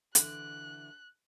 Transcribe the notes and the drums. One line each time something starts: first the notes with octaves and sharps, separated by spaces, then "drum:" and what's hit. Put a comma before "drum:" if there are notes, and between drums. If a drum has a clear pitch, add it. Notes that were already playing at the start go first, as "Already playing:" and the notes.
D3 E3 F#6, drum: hi-hat